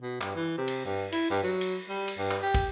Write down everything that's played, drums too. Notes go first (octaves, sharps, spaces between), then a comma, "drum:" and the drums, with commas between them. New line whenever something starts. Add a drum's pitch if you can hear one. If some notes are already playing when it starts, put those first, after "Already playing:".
B2
G2, drum: clap
E3
C3
drum: cymbal
G2
E4, drum: cymbal
G2
F#3
drum: cymbal
G3
drum: cymbal
G2
drum: clap
G4
drum: kick, cymbal